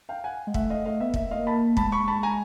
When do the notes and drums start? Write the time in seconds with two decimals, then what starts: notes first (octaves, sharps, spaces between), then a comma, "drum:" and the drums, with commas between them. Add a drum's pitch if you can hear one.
0.09 F5 G5
0.24 F#5 G#5
0.47 G#3
0.54 A3 E5 F#5, drum: kick
0.70 D#5 F5
0.85 A3 D#5 F5
1.00 B3 E5
1.14 A#3 E5, drum: kick
1.25 A3
1.31 D#5 F5
1.39 A#3
1.47 A5 B5
1.77 G#3 A5 B5, drum: kick
1.92 B5 C#6
2.08 A5 B5
2.23 G#5 A#5